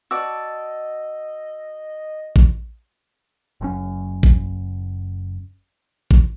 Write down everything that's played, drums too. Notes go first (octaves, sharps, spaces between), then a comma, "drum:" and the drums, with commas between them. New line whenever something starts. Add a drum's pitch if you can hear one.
F#4 D5 D#5 A5 E6
drum: kick A1
F#1 F#2 C#4
drum: kick A1
drum: kick A1